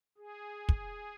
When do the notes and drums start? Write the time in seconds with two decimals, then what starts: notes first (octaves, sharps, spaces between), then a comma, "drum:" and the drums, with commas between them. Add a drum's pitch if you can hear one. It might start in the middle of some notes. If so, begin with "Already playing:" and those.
0.18 G#4
0.69 drum: kick